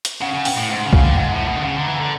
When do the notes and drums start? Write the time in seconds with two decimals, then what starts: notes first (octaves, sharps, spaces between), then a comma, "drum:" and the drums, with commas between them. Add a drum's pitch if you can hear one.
0.05 drum: hi-hat
0.21 C#3 F#5
0.34 C#3
0.45 G5, drum: open hi-hat
0.57 A2
0.69 G#2 F#5
0.85 C#3
0.93 F5, drum: kick
1.00 D3
1.10 G5
1.16 G#2 F#5
1.32 A2
1.48 B2
1.56 D3
1.63 C#3 F#5
1.76 D3 A#5
1.88 E3
1.96 D3 A#5